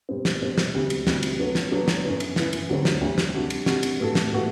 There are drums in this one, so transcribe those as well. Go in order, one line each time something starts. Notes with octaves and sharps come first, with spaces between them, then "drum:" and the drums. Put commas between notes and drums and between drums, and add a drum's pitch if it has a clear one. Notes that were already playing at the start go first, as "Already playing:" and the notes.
B2 G3 C4
drum: snare
B2 G3 C4
drum: snare
D2 C3 G3
drum: cymbal
D2 C3 G3, drum: snare
drum: cymbal
F#3 B3 D4 F#4 A4
drum: snare
F#3 B3 D4 F#4 A4
drum: snare
F#2 E3 B3
drum: cymbal
F#2 E3 B3, drum: snare
drum: cymbal
D2 D3 F#3 C4 G4
drum: snare
D2 D3 F#3 C4 G4
drum: snare
C3 G3 D4 F#4
drum: cymbal
C3 G3 D4 F#4, drum: snare
drum: cymbal
A2 G3 B3 F#4 A4
drum: snare
A2 G3 B3 F#4 A4